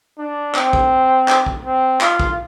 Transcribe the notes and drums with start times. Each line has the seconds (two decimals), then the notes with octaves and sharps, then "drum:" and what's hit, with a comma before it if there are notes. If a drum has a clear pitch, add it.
0.18 D4
0.54 C4, drum: clap
0.73 drum: kick
1.28 drum: clap
1.46 drum: kick
1.65 C4
2.01 F4, drum: clap
2.20 drum: kick